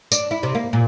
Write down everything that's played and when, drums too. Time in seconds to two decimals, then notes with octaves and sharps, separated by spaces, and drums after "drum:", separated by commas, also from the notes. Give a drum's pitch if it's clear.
0.12 D4, drum: tambourine
0.31 E4
0.43 C3
0.55 A#3
0.73 A#2